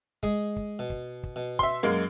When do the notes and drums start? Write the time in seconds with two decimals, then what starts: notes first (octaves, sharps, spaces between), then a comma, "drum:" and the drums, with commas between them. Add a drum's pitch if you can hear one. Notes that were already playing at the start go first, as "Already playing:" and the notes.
0.23 G#3 G#4, drum: kick
0.56 drum: kick
0.79 B2
0.90 drum: kick
1.23 drum: kick
1.36 B2
1.59 E5 C6, drum: kick
1.83 F#2 G#3 A#3